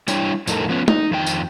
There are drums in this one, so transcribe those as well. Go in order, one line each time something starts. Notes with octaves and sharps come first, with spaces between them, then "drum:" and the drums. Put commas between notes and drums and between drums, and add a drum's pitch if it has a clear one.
G3 D4 E4 C#5 G5, drum: tambourine
F2 A2 D#4 A4 A#4, drum: tambourine
F3 B3 C#4
D#4, drum: tom
F2 D#3 D4 G5
drum: tambourine